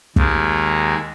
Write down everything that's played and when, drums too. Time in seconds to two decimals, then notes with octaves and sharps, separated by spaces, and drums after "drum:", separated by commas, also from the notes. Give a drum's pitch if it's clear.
0.16 D#2 D#3 G#3, drum: kick